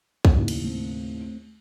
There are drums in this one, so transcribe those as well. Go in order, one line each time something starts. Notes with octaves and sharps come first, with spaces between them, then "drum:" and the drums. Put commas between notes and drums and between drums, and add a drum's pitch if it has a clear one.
drum: kick B1
D#2 A2 C#3
drum: cymbal
A3 C4